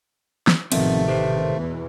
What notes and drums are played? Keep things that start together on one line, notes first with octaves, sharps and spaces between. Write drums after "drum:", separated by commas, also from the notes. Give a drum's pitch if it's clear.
drum: snare
A1 C3 D#3 F3 A3 B3 C4, drum: cymbal
G4 B4 C5
E2 B2 E3